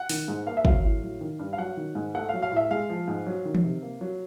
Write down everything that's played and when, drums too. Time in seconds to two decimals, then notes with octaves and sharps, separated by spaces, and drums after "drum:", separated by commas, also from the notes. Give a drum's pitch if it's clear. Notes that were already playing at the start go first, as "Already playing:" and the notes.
Already playing: F#5
0.09 D#3, drum: open hi-hat
0.28 G#2
0.47 A#3 F5
0.57 E5
0.65 F#3 F5, drum: kick
0.84 A2
1.03 F#3
1.21 D#3
1.39 G2
1.53 F5
1.58 F#3 F#5
1.77 D#3
1.95 G#2
2.15 A3 F#5
2.29 F5
2.33 F#3
2.42 F5
2.52 A2 E5
2.71 G#3 F5
2.90 F3
3.08 G#2
3.26 F#3
3.45 D#3
3.55 drum: tom E3
3.64 C3
3.82 A#3
4.01 F#3